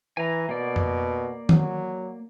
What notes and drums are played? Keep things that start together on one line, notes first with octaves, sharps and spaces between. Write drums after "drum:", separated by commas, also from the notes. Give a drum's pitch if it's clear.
E3 G#5 A#5
B2 A#3 D5
drum: tom F2
F#3, drum: tom D#3